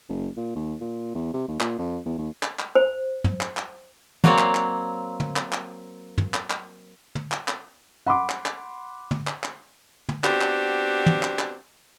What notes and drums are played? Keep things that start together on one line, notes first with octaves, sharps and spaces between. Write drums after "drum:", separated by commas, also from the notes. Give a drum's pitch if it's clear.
F#1
A#2
D#2
A#2
E2
C3
D#2
A#2, drum: clap
F2
E2
D#2
drum: clap
drum: clap
C5
drum: tom
drum: clap
drum: clap
F#3 A#3 C4 C#5 D5, drum: tom
drum: clap
drum: clap
drum: tom
drum: clap
drum: clap
drum: tom
drum: clap
drum: clap
drum: tom
drum: clap
drum: clap
F#5 B5 C6 D6
drum: clap
drum: clap
drum: tom
drum: clap
drum: clap
drum: tom
B3 C4 D4 F#4 G4, drum: clap
drum: clap
drum: tom
drum: clap
drum: clap